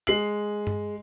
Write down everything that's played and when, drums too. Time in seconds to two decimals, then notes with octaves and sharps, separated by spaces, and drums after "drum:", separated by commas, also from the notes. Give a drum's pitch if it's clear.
0.07 G#3 C7 F#7
0.67 drum: tom G2